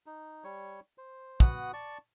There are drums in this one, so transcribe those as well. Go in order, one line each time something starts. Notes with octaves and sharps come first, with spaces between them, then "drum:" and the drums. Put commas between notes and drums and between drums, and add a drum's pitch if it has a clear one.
D#4
G3 C#5
C5
B3 F#4 F#5 D#6, drum: kick
D5 A5 C#6